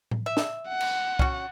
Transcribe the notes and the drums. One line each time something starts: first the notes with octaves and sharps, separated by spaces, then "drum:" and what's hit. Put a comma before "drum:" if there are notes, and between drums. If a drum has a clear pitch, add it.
drum: tom A2
E5
drum: snare
F#5
drum: cymbal
C#4 F#4, drum: kick C2